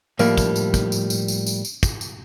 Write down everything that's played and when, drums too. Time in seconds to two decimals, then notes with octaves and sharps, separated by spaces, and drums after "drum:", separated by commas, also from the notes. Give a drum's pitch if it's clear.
0.19 A2 F3 G3 A#3, drum: tambourine
0.37 drum: kick, tambourine
0.56 drum: tambourine
0.74 drum: kick, tambourine
0.92 drum: tambourine
1.10 drum: tambourine
1.28 drum: tambourine
1.46 drum: tambourine
1.65 drum: tambourine
1.83 drum: kick, tambourine
2.01 drum: tambourine